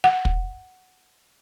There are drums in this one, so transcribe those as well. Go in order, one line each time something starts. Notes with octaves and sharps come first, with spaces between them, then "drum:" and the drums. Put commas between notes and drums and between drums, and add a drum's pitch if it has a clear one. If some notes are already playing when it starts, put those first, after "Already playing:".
F#5
drum: kick